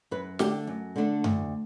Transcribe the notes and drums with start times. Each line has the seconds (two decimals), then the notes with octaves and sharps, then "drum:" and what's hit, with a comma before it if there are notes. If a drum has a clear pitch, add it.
0.11 F#2 B4
0.39 D3 A3 D4 G4, drum: snare
0.67 F#2
0.96 D3 A3 D4
1.24 D2, drum: tom F#2